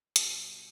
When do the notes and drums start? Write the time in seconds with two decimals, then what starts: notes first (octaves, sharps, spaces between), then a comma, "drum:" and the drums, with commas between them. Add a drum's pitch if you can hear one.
0.16 B2 G3 G4, drum: hi-hat